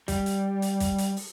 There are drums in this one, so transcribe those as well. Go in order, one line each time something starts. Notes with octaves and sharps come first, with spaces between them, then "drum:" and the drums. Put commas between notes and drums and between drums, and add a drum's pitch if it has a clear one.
G3, drum: kick, hi-hat
drum: hi-hat
drum: hi-hat
drum: kick, hi-hat
drum: hi-hat
drum: open hi-hat